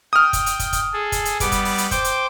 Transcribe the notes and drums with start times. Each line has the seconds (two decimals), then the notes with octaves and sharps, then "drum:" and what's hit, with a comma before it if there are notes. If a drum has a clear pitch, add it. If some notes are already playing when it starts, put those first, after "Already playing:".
0.13 G5 D#6 F6
0.33 drum: kick, hi-hat
0.46 drum: hi-hat
0.59 drum: kick, hi-hat
0.73 drum: kick, hi-hat
0.93 G#4 A4
1.12 drum: kick, hi-hat
1.25 drum: hi-hat
1.40 G3 B3 D6, drum: kick, hi-hat
1.52 drum: kick, hi-hat
1.65 drum: open hi-hat
1.78 drum: hi-hat
1.91 C5 G5 D6, drum: kick, hi-hat
2.04 drum: hi-hat